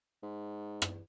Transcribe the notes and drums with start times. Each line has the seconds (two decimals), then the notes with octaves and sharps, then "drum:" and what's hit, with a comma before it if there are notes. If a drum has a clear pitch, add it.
0.23 G#2
0.82 drum: rim click